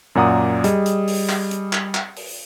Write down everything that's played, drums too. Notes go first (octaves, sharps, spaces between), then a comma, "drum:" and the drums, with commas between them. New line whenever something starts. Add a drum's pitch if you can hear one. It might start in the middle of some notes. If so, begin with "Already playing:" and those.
F#2 A#2 D5 F#5 A#5 D#6
G3 G#4 D#5, drum: hi-hat
drum: hi-hat
drum: open hi-hat
drum: clap
drum: hi-hat
drum: clap
drum: clap
drum: open hi-hat